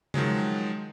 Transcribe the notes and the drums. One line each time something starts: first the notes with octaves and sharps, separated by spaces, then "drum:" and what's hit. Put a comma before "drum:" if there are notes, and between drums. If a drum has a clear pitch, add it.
D#3 F3 F#3 G#3, drum: tom C#3